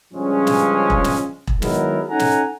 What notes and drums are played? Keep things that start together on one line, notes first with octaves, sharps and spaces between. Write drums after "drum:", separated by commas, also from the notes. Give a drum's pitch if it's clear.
G2 C#3 F3 G#3 C#4
drum: snare
drum: kick E1
drum: snare
drum: kick E1
D#3 F#3 G#3 B3 E4 A#4, drum: snare
C#4 D#4 A4 F#5 G#5 A#5
drum: snare